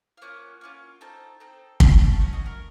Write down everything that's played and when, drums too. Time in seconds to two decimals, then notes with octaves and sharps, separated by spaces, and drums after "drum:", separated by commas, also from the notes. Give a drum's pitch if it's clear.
0.17 F5
0.22 A#3 C#4 F4 F#5
0.61 A#3 C#4 F4
1.01 C4 D#4 A4 A5
1.40 C4 D#4 A4
1.80 A3 C#4 F#4 A#5, drum: kick
2.00 A5
2.19 A3 C#4 F#4
2.33 D#5
2.46 A#4